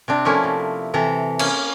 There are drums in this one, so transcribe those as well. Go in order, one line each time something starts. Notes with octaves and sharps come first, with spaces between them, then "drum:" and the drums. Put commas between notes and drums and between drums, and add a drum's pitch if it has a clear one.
C3 C4 D4
F3 A3 A#3 C#4 E4
C3
C3 E3 A4 A#5
A#3 C#4, drum: cymbal